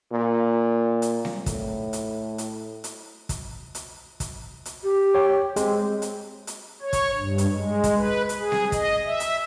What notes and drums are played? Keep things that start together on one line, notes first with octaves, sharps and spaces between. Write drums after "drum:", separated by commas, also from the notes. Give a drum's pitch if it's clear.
A#2
drum: hi-hat
drum: snare C4
A2, drum: kick, hi-hat
drum: hi-hat
drum: hi-hat
drum: hi-hat
drum: kick, hi-hat
drum: hi-hat
drum: kick, hi-hat
drum: hi-hat
G4
C#5 G5
G#3 C4, drum: hi-hat
drum: hi-hat
drum: hi-hat
C#5
drum: kick, hi-hat
G2
drum: hi-hat
G#3
drum: kick, hi-hat
B4
drum: hi-hat
G#4
drum: snare C4
D#5, drum: kick, hi-hat
E5
drum: hi-hat